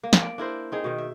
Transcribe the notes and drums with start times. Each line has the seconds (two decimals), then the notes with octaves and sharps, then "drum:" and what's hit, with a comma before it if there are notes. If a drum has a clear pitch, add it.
0.03 A#3
0.13 drum: snare
0.22 D5
0.38 D4 E4 A#4 C5
0.72 C4 D#4 G#4
0.84 B2 D#3
0.98 E5